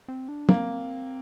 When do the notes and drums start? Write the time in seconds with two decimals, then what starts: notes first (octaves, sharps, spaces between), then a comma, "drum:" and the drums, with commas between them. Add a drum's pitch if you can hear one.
0.08 C4
0.29 D4
0.49 A#3 C4, drum: tom